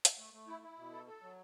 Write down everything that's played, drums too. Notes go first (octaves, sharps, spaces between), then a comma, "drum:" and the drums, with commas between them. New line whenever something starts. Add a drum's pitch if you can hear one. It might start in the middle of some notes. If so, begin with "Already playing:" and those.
drum: hi-hat
A3
A3
E4
E4
B2
A4
A4
F#3